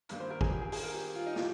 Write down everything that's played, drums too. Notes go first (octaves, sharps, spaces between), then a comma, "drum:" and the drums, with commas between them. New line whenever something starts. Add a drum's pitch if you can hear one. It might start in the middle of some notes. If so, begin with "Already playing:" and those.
G2 D#3 A#3, drum: hi-hat
C5
A#4
G#4, drum: kick
G4
G#4
G#4, drum: open hi-hat
A#4
G4
F4
D#4
F3 A#3 G4, drum: snare